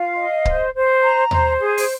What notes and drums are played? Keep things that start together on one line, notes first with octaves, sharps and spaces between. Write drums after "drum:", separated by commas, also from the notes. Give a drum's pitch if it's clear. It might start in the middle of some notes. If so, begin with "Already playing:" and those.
Already playing: F4 F5
D#5
C5, drum: kick C#1
C5
A#5
C5, drum: tom D#2
G#4
drum: open hi-hat